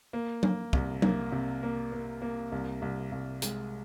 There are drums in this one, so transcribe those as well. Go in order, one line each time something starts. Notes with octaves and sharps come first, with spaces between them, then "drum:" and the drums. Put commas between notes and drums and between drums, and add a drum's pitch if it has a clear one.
A#3
A#3, drum: tom F#3
C2, drum: kick
A#3, drum: tom F#3
C3
A#3
A#3
A#3
C2
C2
C2
G#3, drum: hi-hat